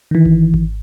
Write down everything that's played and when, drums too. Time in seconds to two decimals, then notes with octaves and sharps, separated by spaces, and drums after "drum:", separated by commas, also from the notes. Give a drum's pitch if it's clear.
0.11 D#3 E3
0.25 drum: kick G#1
0.54 drum: kick G#1